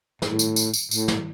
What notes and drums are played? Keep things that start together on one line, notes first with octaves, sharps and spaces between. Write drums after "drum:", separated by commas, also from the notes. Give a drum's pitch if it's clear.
A2, drum: snare
drum: tambourine
drum: tambourine
drum: tambourine
A2, drum: tambourine
drum: snare